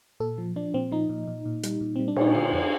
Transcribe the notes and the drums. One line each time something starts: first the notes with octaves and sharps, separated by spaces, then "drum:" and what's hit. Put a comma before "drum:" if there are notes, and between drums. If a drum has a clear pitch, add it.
A#2 A4
F3
F3 D4
A#2 C4
F3 D#4
A#2
A#2
A#2
G3, drum: hi-hat
A#2
G3 C4
D4
A#2 D#4, drum: cymbal
D3 F4
F2